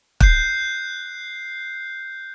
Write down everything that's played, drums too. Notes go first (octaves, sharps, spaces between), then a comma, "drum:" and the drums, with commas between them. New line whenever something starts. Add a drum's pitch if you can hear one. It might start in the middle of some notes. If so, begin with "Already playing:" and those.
F#6 G6 C7, drum: kick